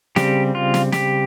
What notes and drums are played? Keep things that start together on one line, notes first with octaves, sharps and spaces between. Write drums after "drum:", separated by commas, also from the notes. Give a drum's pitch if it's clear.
C#3 G3 C4 G4, drum: snare
F4
drum: snare
G4, drum: snare